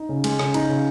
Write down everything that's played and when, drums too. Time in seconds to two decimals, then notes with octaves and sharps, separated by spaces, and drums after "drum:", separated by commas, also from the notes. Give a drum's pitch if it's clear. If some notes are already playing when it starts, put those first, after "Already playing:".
Already playing: D#4
0.09 C#3
0.24 G#3, drum: cymbal
0.39 C#3, drum: rim click
0.54 D#4, drum: cymbal
0.69 C#3